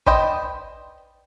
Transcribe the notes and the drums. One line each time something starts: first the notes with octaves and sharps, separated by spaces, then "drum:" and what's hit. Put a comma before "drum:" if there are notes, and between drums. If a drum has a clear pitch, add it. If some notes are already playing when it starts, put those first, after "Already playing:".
B4 C5 D5 D#5 G5, drum: kick